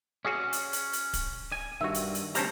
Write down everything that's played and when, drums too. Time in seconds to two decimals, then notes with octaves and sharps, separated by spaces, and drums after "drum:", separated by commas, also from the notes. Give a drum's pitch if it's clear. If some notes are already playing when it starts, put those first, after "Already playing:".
0.25 C#4 F#4 G#4 D5
0.53 drum: hi-hat
0.73 drum: hi-hat
0.93 drum: hi-hat
1.13 drum: kick D1, hi-hat
1.52 G#5
1.81 G2 D#3 F#4 E5
1.94 drum: hi-hat
2.15 drum: hi-hat
2.35 D2 G3 C4 C#4 A5 A#5, drum: hi-hat